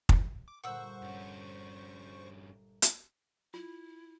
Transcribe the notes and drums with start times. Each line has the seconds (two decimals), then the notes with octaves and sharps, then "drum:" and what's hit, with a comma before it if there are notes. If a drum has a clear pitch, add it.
0.09 drum: kick
0.48 D6
0.64 G1 A#2 C5 F#5 C#6 E6
1.02 G2 C#4
2.82 drum: hi-hat
3.54 E4 F4